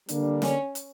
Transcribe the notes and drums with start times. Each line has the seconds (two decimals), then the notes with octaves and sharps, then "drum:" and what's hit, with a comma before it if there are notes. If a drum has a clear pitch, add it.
0.09 D3 G3 A#3 D4, drum: hi-hat
0.42 C#4, drum: snare
0.75 drum: hi-hat